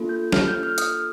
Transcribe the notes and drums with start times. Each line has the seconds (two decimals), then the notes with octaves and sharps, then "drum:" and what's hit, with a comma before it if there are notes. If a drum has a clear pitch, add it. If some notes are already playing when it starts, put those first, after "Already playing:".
Already playing: A#3 D4 F4 A4
0.09 G6
0.32 F6, drum: snare
0.48 G6
0.63 F6
0.78 D#6, drum: hi-hat